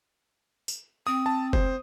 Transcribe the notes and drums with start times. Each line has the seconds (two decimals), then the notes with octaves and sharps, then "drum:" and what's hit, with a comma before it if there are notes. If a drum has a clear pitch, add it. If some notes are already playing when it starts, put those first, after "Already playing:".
0.68 drum: tambourine
1.07 C4 D#6
1.26 A5
1.53 C5, drum: kick